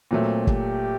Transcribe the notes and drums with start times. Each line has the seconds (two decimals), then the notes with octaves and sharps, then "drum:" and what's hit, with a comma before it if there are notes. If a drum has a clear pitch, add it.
0.11 A#2 F#3 A3 C4
0.47 G4, drum: kick